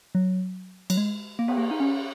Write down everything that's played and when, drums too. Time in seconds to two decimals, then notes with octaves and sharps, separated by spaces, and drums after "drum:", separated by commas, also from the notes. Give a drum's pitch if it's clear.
0.15 F#3
0.90 F#3, drum: cymbal
0.97 G#3
1.39 A#3
1.48 B3, drum: cymbal
1.58 A#3
1.71 D#4
1.80 C#4